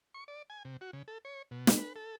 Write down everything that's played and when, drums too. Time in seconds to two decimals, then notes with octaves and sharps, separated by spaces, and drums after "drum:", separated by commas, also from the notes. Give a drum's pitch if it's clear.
0.14 C#6
0.28 D5
0.50 G#5
0.65 C3
0.81 F#4
0.93 C#3
1.08 A4
1.25 C#5
1.51 B2
1.67 drum: snare
1.77 B4
1.96 A4